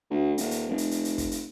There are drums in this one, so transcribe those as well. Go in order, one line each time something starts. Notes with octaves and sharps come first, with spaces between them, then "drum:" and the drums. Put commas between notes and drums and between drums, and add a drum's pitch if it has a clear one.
D2
D#1, drum: hi-hat
drum: hi-hat
F1
drum: hi-hat
drum: hi-hat
drum: hi-hat
drum: kick, hi-hat
drum: hi-hat